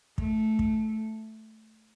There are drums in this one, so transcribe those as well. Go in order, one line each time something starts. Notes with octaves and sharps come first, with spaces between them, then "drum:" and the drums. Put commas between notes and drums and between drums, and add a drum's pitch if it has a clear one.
A3, drum: kick
drum: kick